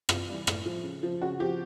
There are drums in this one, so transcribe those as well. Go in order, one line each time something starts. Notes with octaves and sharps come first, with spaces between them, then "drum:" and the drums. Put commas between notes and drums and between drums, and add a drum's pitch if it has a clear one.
C3 F4, drum: rim click
E3 G3
A2, drum: rim click
F3
C#3
F3
C#3 F#4
F3 G4